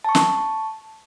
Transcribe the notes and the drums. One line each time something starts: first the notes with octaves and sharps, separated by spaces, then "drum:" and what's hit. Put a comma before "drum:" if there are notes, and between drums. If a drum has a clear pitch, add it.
A5 C#6
drum: snare